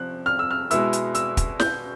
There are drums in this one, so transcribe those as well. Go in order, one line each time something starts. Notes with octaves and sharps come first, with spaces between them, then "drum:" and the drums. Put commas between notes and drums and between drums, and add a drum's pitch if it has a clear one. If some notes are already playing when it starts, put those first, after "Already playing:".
Already playing: C3 F3 F#6
F6
E6
F6
B2 G#3 B3 E4 E6, drum: hi-hat
drum: hi-hat
E6, drum: hi-hat
drum: kick, hi-hat
G6, drum: snare